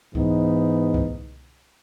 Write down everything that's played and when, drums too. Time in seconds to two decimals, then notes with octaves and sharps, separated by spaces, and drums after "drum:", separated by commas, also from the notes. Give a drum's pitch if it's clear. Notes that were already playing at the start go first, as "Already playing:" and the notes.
0.15 G#2 E3 B3 D#4, drum: kick C2
0.94 drum: kick C2